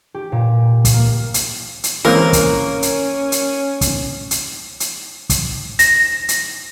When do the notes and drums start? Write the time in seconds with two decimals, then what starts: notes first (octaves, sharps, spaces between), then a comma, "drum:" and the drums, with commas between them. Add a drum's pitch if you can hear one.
0.14 G4
0.32 A#2
0.85 drum: kick, hi-hat
0.94 A#3
1.34 drum: hi-hat
1.84 drum: hi-hat
2.05 E3 G#3 A#3 C4 C#4 A#4
2.33 drum: kick, hi-hat
2.82 drum: hi-hat
3.32 drum: hi-hat
3.81 drum: kick, hi-hat
4.31 drum: hi-hat
4.80 drum: hi-hat
5.30 drum: kick, hi-hat
5.79 A#6, drum: hi-hat
6.29 drum: hi-hat